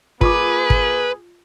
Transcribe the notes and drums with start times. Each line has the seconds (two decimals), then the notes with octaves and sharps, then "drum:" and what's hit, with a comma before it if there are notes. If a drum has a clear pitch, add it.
0.21 A#3 F4 G#4 B4 C#6 D6, drum: kick
0.70 drum: kick